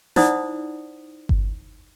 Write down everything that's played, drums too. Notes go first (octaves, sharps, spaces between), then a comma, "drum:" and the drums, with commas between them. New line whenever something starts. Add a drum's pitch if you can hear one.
D#4 E4 C5 D5 F#5 D#6, drum: snare
drum: kick G1